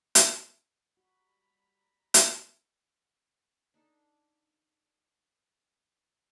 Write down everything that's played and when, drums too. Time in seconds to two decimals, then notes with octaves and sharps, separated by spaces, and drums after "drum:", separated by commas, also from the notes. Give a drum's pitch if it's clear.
0.15 drum: hi-hat
0.97 G3 F#4 A#5 B5
2.14 drum: hi-hat
3.74 D4 D#4 A4